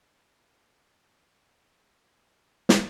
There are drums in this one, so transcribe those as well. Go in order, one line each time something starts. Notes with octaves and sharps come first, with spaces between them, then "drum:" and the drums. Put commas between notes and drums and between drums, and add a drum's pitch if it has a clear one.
A2 D#3 G3 A#3 D5
drum: snare